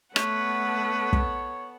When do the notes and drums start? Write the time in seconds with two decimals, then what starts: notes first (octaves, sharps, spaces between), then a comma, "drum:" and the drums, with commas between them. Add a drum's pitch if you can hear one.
0.16 A3 B3 A4 B4 C#5 F#5, drum: rim click
1.13 drum: kick